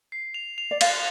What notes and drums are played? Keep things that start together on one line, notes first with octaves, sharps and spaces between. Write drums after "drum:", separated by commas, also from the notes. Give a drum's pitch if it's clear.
C7
F7
F7
D5
F5 A6, drum: cymbal